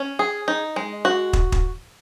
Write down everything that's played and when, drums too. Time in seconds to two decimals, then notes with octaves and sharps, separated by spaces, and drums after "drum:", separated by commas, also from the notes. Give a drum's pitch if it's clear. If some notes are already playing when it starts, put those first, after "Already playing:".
Already playing: C#4
0.19 G#4
0.48 D#4
0.76 G#3
1.05 F#4
1.33 drum: kick
1.52 drum: kick